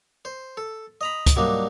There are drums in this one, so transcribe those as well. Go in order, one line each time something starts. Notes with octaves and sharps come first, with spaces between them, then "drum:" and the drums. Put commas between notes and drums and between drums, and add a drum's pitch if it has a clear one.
C5
A4
D#5 A#5 B5
drum: kick, hi-hat
F#3 G3 A#3 D4 D#4